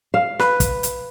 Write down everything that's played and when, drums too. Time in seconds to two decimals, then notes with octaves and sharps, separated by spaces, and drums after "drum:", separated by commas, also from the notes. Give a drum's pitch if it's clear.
0.14 F5
0.39 B4, drum: snare
0.60 drum: kick, hi-hat
0.83 drum: hi-hat